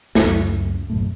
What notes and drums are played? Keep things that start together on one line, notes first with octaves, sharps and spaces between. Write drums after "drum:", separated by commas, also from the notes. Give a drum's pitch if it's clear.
C#2 F#2 C#3, drum: snare
B1 F#2 A2